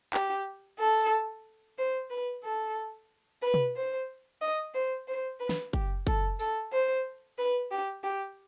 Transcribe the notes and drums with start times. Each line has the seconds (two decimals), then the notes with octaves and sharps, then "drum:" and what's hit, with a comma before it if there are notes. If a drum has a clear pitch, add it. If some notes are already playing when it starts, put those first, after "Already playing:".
0.14 G4, drum: clap
0.79 A4
1.01 drum: hi-hat
1.78 C5
2.11 B4
2.44 A4
3.42 B4
3.54 drum: tom
3.76 C5
4.42 D#5
4.74 C5
5.08 C5
5.40 B4
5.49 drum: snare
5.73 G4, drum: kick
6.07 A4, drum: kick
6.39 A4, drum: tambourine
6.73 C5
7.38 B4
7.72 G4
8.04 G4